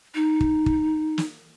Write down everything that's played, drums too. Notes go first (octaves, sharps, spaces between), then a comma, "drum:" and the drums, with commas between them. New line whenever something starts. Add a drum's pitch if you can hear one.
D#4
drum: kick
drum: kick
drum: snare